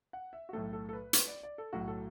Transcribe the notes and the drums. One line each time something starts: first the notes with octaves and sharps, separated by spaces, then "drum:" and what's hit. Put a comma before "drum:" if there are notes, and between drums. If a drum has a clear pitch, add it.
F#5
E5
F#4
B1 A2 A3 A4
A4
A4
B4
B4, drum: hi-hat
D5
D5
A4
B1 A2 F#3 F#4
A4